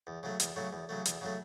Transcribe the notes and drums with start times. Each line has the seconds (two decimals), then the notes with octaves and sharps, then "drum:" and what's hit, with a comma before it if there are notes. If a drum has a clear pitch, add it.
0.07 E2
0.23 C#3 F#3 A3
0.40 E2, drum: hi-hat
0.56 C#3 F#3 A3
0.73 E2
0.89 C#3 F#3 A3
1.05 E2, drum: hi-hat
1.21 C#3 F#3 A3